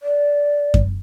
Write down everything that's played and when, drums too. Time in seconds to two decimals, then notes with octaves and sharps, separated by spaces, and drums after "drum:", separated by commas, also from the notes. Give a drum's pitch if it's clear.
0.03 D5
0.74 drum: kick F#2